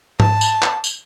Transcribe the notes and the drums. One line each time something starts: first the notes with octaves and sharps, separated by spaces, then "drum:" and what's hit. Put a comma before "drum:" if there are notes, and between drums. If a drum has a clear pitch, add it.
A5, drum: tom G#2
drum: tambourine
drum: clap
drum: tambourine